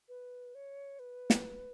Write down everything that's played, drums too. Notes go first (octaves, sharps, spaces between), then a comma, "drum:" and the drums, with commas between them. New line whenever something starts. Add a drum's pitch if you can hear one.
B4
C#5
B4
drum: snare